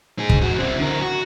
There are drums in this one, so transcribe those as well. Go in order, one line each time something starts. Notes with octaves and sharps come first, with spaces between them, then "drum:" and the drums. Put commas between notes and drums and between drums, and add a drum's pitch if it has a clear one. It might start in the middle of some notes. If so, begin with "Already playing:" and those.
D#4 G#4
drum: kick
G#2 F#4
C4 E4
D3 A#4
F#4